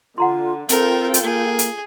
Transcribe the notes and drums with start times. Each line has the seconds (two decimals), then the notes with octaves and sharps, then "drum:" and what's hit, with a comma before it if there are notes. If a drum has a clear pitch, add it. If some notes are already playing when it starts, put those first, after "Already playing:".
0.18 D3 F4 F#5 A#5 C6
0.69 C4 F4 A4 A#4 G5, drum: hi-hat
1.14 drum: hi-hat
1.23 A#3 G#4
1.59 drum: hi-hat